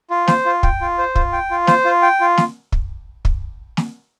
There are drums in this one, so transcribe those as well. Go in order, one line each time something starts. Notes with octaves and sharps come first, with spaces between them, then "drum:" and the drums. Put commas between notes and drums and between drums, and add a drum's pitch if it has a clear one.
F4
C5, drum: snare
F4
G5, drum: kick
F4
C5
F4, drum: kick
G5
F4
C5, drum: snare
F4
G5
F4
drum: snare
drum: kick
drum: kick
drum: snare